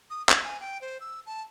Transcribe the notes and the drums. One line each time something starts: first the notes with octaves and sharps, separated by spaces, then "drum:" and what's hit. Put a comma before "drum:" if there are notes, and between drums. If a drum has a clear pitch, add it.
D#6
G#6, drum: clap
G#5
G5
C5
E6
A5